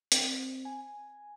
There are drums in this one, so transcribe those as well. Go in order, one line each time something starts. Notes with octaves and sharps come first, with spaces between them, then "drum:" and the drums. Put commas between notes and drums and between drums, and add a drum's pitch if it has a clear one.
C4, drum: hi-hat
G#5